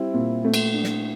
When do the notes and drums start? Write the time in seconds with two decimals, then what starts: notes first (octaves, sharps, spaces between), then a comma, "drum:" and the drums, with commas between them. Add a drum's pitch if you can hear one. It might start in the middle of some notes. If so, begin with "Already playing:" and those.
Already playing: G3 C4 E4
0.14 A#2
0.45 A3
0.54 drum: cymbal
0.74 D4
0.84 drum: snare